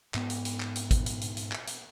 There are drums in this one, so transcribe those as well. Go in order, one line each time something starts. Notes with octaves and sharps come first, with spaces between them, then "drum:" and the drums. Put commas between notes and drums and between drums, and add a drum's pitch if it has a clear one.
G#2 B3, drum: clap
drum: hi-hat
drum: hi-hat
drum: clap
drum: hi-hat
drum: kick G#1, hi-hat
drum: hi-hat
drum: hi-hat
drum: hi-hat
drum: clap
drum: hi-hat